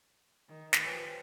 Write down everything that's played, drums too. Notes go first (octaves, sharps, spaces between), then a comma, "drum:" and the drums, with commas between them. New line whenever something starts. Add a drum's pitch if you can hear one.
D#3
drum: snare
E3 F3 G3 B4 C#5 G#5